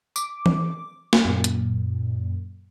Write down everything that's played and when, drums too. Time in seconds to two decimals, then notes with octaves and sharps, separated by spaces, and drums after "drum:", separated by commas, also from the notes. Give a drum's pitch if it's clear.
0.16 D6, drum: tambourine
0.46 drum: tom E3
1.13 drum: snare
1.25 F#2 A#2
1.44 drum: hi-hat